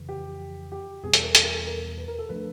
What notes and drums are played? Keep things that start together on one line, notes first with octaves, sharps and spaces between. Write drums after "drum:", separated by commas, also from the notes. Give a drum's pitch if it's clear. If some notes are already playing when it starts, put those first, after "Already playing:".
Already playing: F2 C#3 E3
G4
G4
E2 B2 G3 C4 G#4
A4, drum: hi-hat
A#4
A4, drum: hi-hat
A#4
A4
A#4
B4
A#4
A4
F3 A3 D4 B4